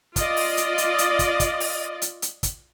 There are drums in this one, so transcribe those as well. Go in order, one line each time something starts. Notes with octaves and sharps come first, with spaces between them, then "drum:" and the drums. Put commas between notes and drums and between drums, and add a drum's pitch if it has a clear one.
F4 D5 D#5, drum: kick, hi-hat
drum: open hi-hat
drum: hi-hat
drum: hi-hat
drum: hi-hat
drum: kick, hi-hat
drum: kick, hi-hat
drum: open hi-hat
drum: hi-hat
drum: hi-hat
drum: kick, hi-hat